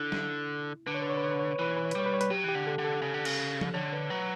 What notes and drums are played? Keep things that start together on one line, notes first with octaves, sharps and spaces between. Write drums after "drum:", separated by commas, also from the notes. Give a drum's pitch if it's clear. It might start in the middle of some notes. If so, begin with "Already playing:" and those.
Already playing: D3 E4
drum: snare
D3 B4
C#5
B4
C#5
B4
C#5
B4
C#5
B4
C#5
E3 B4
C#5
B4
C#5
B4, drum: hi-hat
G3 C#5
B4
C#5
B4, drum: hi-hat
F#3 G4
E3 G4
D3
A4
D3
A4
C#3
D3
C#3, drum: cymbal
drum: tom F3
D3 C#5
B4
F#3 B4